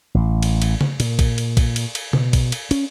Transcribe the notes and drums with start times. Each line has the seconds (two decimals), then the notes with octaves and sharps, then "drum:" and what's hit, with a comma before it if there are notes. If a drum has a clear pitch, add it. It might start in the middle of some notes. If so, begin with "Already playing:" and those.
0.15 A1
0.43 drum: cymbal
0.62 drum: cymbal
0.81 drum: tom C#3
1.00 A#2, drum: cymbal
1.19 drum: kick, cymbal
1.38 drum: cymbal
1.57 drum: kick, cymbal
1.76 drum: cymbal
1.95 drum: cymbal
2.13 B2, drum: tom C#3
2.33 drum: kick, cymbal
2.52 drum: cymbal
2.71 C#4, drum: cymbal